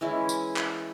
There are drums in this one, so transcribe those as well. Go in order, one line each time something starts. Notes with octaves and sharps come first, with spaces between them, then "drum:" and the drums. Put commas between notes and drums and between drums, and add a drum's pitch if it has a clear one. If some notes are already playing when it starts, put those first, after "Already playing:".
E3 G#3 C#4 E4
drum: tambourine
drum: clap